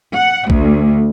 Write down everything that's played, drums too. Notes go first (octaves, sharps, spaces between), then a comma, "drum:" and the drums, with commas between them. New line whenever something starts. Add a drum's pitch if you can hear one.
F#5
D2, drum: kick A#1